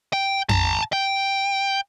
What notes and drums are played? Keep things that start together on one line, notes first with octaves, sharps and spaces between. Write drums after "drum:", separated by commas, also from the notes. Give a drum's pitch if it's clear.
G5
A5 A#5, drum: tom F2
G5